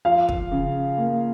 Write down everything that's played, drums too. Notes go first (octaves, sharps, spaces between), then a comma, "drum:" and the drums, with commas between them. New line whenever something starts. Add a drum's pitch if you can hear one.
F3 F5
drum: kick
C#3
A#3